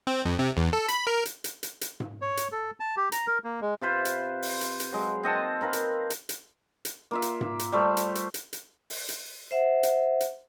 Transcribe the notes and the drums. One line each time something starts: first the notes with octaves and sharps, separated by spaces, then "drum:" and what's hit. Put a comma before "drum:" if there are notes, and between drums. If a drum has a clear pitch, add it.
C4
F2
C3
E2
A4
B5, drum: hi-hat
A#4
drum: hi-hat
drum: hi-hat
drum: hi-hat
drum: hi-hat
drum: tom G#2
C#5
drum: hi-hat
A4
A5
G4
A#5, drum: hi-hat
A#4
A#3
G#3
C3 F4 B4 C5
drum: hi-hat
drum: open hi-hat
drum: hi-hat
drum: hi-hat
F#3 G#3
C4 D#5 F#5 A5
C4 A#4 B4 F5
drum: hi-hat
drum: hi-hat
drum: hi-hat
drum: hi-hat
A#3 F4 E5
drum: hi-hat
drum: tom G#2
drum: hi-hat
G3 A3 C5
drum: hi-hat
drum: hi-hat
drum: hi-hat
drum: hi-hat
drum: open hi-hat
drum: hi-hat
C5 E5 F#5
drum: hi-hat
drum: hi-hat